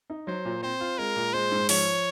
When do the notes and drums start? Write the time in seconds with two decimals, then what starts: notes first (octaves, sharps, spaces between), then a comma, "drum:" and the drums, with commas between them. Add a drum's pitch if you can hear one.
0.10 D#4
0.27 F#3 C5
0.45 A#2
0.63 C4 C5
0.80 F4
0.98 G#3 A#4
1.16 A#2
1.34 G#3 C5
1.52 G#2
1.69 F3 C#5, drum: open hi-hat